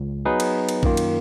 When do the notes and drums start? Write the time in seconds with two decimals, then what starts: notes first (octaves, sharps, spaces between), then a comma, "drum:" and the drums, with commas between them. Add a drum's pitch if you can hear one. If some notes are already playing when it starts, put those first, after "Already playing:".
Already playing: C#2
0.25 F#3 B3 D#4 G#4 B4
0.40 drum: cymbal
0.69 drum: cymbal
0.83 F#2 D#3 A#3 F4, drum: kick A#1
0.97 drum: cymbal